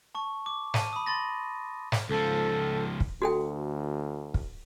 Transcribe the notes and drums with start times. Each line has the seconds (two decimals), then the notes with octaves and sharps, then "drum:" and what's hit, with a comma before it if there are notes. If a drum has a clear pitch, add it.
0.15 A5 C#6
0.46 D6
0.74 A5 D#7, drum: snare
0.93 B5 D#6
1.06 B5 C6 A6 A#6
1.92 drum: snare
2.09 C#2 F3 A4
3.00 drum: kick
3.22 D2 F#4 A4 G5
4.34 drum: kick